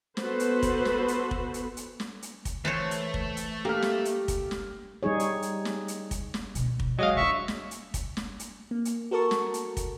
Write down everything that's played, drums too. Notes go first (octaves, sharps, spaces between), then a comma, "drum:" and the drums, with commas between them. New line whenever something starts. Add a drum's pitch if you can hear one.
B3 F#4 A4 B4 C5, drum: snare
drum: hi-hat
drum: kick, hi-hat
drum: snare
drum: hi-hat
drum: kick
drum: hi-hat
drum: hi-hat
drum: snare
drum: hi-hat
drum: kick, hi-hat
E3 A3 C5 C#5
drum: hi-hat
drum: kick
drum: hi-hat
A#3 G4 A4 F6
drum: snare
drum: hi-hat
drum: kick, hi-hat
drum: snare
G3 D#4 G#4 C#5
drum: hi-hat
drum: hi-hat
drum: snare
drum: hi-hat
drum: kick, hi-hat
drum: snare
B2 D3, drum: hi-hat
drum: kick
F#3 G#3 D#5 F5
D#3 D4 E5 C#6
drum: snare
drum: hi-hat
drum: kick, hi-hat
drum: snare
drum: hi-hat
A#3
drum: hi-hat
F#4 A4 A#4 A5 C#6
drum: snare
drum: hi-hat
drum: kick, hi-hat